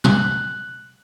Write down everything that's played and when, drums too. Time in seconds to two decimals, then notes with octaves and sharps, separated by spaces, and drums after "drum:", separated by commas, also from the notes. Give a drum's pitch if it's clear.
0.04 F#6, drum: tom